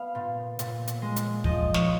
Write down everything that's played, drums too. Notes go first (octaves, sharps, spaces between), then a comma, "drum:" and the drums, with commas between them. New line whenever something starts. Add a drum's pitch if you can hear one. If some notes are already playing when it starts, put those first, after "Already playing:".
Already playing: B3 F5
A#2
A#2, drum: hi-hat
drum: hi-hat
G#3
drum: hi-hat
F3 D#5, drum: kick
C#5, drum: snare